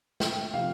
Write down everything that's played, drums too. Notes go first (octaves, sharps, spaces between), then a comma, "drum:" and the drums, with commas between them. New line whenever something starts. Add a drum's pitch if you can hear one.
D2 G5, drum: snare
C3 F3 F5